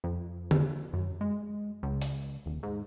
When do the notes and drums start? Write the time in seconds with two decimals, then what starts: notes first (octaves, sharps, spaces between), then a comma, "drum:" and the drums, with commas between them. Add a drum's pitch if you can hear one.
0.04 F2
0.51 drum: tom D3
0.93 F#2
1.21 G#3
1.83 C#2
2.01 drum: hi-hat
2.46 D#1
2.63 G#2